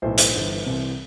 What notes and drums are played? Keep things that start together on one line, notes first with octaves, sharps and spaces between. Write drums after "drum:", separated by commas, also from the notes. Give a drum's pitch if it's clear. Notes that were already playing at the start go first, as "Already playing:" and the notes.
B1 A2 E3 C5
C5, drum: hi-hat
G1 G2 E3
C2 C3 E3